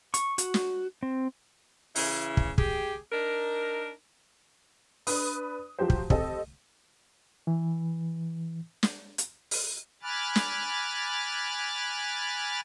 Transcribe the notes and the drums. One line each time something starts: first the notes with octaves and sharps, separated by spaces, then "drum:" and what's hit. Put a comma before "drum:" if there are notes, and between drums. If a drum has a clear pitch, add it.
C#6, drum: hi-hat
F#4, drum: hi-hat
drum: snare
C4
C#3 E3 E4, drum: open hi-hat
drum: kick
G4 G#4, drum: kick
D4 D#4 A#4
D4 B4 D#6, drum: open hi-hat
F3 F#3 G4 C5
drum: kick
C4 G4 A4 D#5, drum: kick
E3
drum: snare
drum: hi-hat
drum: open hi-hat
G#5 B5 D6 F6 F#6 A6
drum: snare